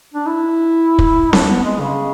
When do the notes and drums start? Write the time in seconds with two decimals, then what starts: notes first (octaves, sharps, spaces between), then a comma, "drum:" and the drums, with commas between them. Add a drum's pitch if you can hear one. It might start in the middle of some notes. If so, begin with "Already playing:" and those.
0.14 D4
0.26 E4
0.99 drum: kick
1.33 D4, drum: snare C4
1.49 B3
1.64 G#3
1.80 C#3